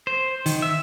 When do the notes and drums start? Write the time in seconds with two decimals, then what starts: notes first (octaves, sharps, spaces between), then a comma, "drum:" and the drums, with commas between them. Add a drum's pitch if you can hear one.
0.07 C5
0.46 D#3, drum: open hi-hat
0.62 E5